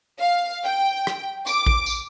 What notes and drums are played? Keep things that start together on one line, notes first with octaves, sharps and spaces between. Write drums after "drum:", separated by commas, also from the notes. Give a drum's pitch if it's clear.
F5
G5
drum: rim click
D6, drum: tambourine
drum: kick A1
drum: tambourine